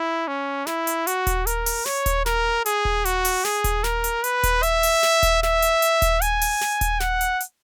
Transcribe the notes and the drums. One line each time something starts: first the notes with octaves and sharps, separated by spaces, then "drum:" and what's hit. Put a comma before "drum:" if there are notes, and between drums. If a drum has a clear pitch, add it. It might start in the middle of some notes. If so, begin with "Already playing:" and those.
Already playing: E4
C#4
E4, drum: snare
drum: hi-hat
F#4, drum: hi-hat
drum: kick D#1, hi-hat
A#4, drum: hi-hat
drum: open hi-hat
C#5, drum: snare
drum: kick D#1, hi-hat
A#4, drum: snare
G#4, drum: hi-hat
drum: kick D#1
F#4, drum: hi-hat
drum: open hi-hat
G#4, drum: snare
drum: kick D#1, hi-hat
A#4, drum: snare
drum: hi-hat
B4, drum: hi-hat
drum: kick D#1, hi-hat
E5, drum: hi-hat
drum: open hi-hat
drum: snare
drum: kick D#1, hi-hat
E5, drum: snare
drum: hi-hat
drum: hi-hat
drum: kick D#1, hi-hat
G#5, drum: hi-hat
drum: open hi-hat
drum: snare
drum: kick D#1, hi-hat
F#5, drum: snare
drum: hi-hat
drum: hi-hat